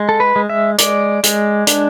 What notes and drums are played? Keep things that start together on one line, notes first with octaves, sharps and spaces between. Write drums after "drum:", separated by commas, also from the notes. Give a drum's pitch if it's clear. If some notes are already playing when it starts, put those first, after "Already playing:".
Already playing: G#3
A4
B4
G#3
E5
G#3 D5, drum: hi-hat
G#3, drum: hi-hat
D4, drum: hi-hat